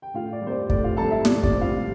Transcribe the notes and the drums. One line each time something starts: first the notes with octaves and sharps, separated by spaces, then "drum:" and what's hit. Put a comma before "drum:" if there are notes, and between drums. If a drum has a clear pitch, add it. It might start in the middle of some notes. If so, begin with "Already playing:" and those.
G5
A2 F4 F5
D5
G3
C4 C5 D5
A2 D5, drum: kick
F4 F5
G3 C4 A4 A5
E4 E5
A2 D5, drum: snare
D5, drum: kick
G3 C4
F4 F5